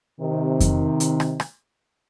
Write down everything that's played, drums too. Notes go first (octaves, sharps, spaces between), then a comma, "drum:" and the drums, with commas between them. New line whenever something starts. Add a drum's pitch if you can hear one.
C3 D#3
drum: kick F2, hi-hat
drum: hi-hat
drum: rim click
drum: rim click